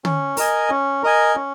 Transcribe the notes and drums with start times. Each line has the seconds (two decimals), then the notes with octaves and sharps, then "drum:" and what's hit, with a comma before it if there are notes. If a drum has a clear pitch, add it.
0.05 C#4, drum: tom
0.37 A#4 D#5 G#5, drum: open hi-hat
0.70 C#4
1.03 A#4 D#5 G#5
1.36 C#4